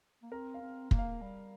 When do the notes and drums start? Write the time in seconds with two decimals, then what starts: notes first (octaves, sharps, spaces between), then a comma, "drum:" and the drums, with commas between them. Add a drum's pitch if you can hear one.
0.23 A#3
0.31 C4 A#4
0.54 F5
0.61 C4
0.91 A#3, drum: kick
0.99 F5
1.22 G3